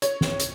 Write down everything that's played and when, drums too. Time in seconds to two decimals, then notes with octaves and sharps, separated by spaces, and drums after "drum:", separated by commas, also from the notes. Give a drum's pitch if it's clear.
0.02 C#5, drum: hi-hat
0.21 drum: snare
0.40 drum: hi-hat